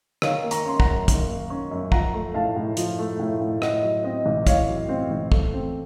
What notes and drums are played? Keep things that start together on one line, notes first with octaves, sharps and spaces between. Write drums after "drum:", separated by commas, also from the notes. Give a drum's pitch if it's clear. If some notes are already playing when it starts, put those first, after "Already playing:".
D#3 C#5 F5, drum: rim click
A#3
A#5 C#6, drum: hi-hat
C#4 C6
F#5 A#5, drum: kick
F#2
D#3, drum: kick, hi-hat
A#3
C#4
F#2
F3 F#5 A#5, drum: kick
A3
A2 F5 A5
A2
F3, drum: hi-hat
A3
A2
A2
A2 D#5 F#5, drum: rim click
F#3
C4 D#5
A1
A2 C#5 F5, drum: kick, hi-hat
F#3
C4
A1
A3, drum: kick
C4